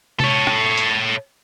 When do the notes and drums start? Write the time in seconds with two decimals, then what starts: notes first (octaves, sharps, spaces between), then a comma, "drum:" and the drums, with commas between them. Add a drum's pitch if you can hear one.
0.20 A4 C#5, drum: tom C3
0.47 drum: rim click
0.78 drum: hi-hat